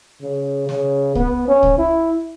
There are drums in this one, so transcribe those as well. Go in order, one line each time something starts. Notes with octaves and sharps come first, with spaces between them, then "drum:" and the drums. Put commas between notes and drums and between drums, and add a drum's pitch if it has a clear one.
C#3
C#3, drum: snare
B3, drum: kick C2
C#4
drum: kick C2
E4